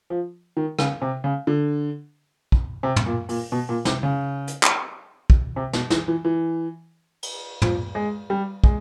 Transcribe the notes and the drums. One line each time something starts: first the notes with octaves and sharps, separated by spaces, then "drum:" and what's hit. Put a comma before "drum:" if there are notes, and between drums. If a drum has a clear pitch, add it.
F3
D#3
C#3, drum: rim click
C3
C#3
D3
drum: kick
C3
drum: tom
A#2
A#2, drum: open hi-hat
B2
A#2
C3, drum: snare
C#3
drum: hi-hat
drum: clap
drum: kick
C3
B2, drum: snare
E3, drum: snare
E3
E3
drum: cymbal
F3, drum: tom
G#3
G3
G#3, drum: kick